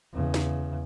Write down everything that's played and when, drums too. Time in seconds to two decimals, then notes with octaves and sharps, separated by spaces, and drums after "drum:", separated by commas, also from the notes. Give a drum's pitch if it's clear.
0.13 E2 C#3
0.34 drum: snare